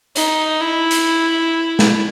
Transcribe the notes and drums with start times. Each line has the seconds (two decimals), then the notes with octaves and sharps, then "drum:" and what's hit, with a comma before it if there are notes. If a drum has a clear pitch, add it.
0.16 D#4, drum: hi-hat
0.60 E4
0.91 drum: hi-hat
1.79 drum: snare